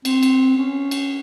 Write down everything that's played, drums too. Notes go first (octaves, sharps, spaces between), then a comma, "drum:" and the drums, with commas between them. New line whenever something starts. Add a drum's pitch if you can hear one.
C4, drum: cymbal
drum: cymbal
C#4
drum: cymbal